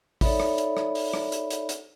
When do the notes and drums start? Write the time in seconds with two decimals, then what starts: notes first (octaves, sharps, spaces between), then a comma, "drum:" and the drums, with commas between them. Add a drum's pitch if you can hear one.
0.21 D#4 A4 C#5 D5 E5 B5, drum: kick, open hi-hat
0.40 drum: rim click
0.58 drum: hi-hat
0.77 drum: rim click
0.95 drum: open hi-hat
1.14 drum: rim click
1.32 drum: hi-hat
1.50 drum: hi-hat
1.69 drum: hi-hat